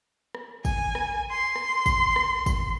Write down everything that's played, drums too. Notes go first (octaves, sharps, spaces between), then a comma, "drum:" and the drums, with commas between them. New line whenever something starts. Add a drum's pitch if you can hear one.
drum: rim click
G#5, drum: kick, tambourine
drum: rim click
C6
drum: rim click
drum: kick, tambourine
drum: rim click
drum: kick, tambourine